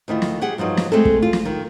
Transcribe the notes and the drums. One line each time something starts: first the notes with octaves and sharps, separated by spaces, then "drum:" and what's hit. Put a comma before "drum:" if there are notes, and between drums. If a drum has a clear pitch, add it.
D2 D#3 E4 F4
drum: snare
G4 G#4 F#5
G2 F3 F#3 D#4
drum: snare
G#3 A3 C4 A4
drum: kick
F4
drum: snare
D#3